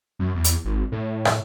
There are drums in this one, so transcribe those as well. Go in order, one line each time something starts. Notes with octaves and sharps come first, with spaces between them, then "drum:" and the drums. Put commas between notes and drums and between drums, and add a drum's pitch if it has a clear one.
F#2
E2
drum: hi-hat
G#1
A2
drum: rim click